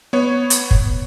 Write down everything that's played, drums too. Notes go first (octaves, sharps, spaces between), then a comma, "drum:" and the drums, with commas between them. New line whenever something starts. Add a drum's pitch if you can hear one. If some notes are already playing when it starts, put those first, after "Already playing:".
B3 C#5
drum: hi-hat
drum: kick